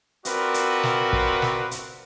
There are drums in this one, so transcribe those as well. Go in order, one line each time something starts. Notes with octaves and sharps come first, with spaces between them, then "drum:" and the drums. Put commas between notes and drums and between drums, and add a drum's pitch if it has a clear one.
C4 F4 F#4 A#4 B4 D5, drum: hi-hat
drum: hi-hat
drum: snare
drum: kick
drum: snare
drum: hi-hat